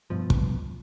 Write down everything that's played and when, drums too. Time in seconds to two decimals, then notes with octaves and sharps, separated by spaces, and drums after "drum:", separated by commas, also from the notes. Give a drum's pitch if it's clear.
0.10 G2 B2 F3
0.30 drum: kick